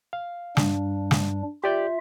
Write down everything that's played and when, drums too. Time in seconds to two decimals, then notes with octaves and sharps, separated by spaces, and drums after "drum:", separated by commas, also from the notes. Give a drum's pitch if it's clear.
0.13 F5
0.57 G2 G3 D4, drum: snare
1.11 drum: snare
1.64 F4 G4 D5 E5 G6